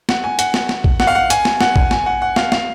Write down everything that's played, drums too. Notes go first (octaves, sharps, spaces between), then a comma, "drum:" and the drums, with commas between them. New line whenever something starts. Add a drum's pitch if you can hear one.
F#5, drum: snare
G#5
F#5, drum: hi-hat
drum: snare
drum: snare
drum: kick
F#5, drum: snare
F5
F#5
G#5, drum: hi-hat
drum: snare
F#5, drum: snare
drum: kick
G#5, drum: snare
F#5
F#5
F5, drum: snare
F5, drum: snare